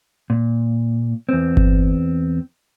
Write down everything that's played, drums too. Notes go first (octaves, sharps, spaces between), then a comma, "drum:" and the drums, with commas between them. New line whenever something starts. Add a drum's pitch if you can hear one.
A#2
E2 C4
drum: kick G1